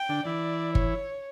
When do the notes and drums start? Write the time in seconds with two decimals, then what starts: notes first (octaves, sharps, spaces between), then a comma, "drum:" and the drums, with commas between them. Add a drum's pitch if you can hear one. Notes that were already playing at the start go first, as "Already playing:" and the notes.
Already playing: G5
0.09 D3 D4
0.25 E3 E4 D5
0.75 C#5, drum: kick G1